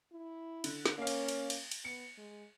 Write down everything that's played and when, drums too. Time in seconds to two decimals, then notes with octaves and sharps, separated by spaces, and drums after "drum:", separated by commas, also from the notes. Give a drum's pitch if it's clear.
0.12 E4
0.64 D3, drum: cymbal
0.86 drum: snare
0.98 A#3 C#4 F5
1.07 drum: cymbal
1.28 drum: cymbal
1.50 drum: cymbal
1.71 drum: cymbal
1.85 B3 C#7
2.18 G#3